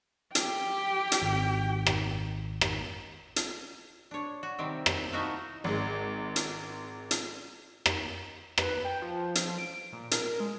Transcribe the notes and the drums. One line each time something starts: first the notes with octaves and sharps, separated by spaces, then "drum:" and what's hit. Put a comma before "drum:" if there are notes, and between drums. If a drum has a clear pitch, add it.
G4 G5, drum: hi-hat
drum: hi-hat
G#1
drum: rim click
drum: rim click
drum: hi-hat
D4 C#5
F#4
C3 D#3 G3 C4
drum: rim click
A3 D#4 E4 F#4 E5 F5
G#1 G#3
drum: hi-hat
drum: hi-hat
drum: rim click
B4, drum: rim click
G5
F3
drum: hi-hat
D7
A#2
A#4, drum: hi-hat
G#3